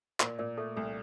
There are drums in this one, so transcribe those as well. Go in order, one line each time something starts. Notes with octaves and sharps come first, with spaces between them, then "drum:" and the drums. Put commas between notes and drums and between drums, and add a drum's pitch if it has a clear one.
A#2 A#4 D5, drum: clap
A#2 A#4 D5
A3 A4
C2 A4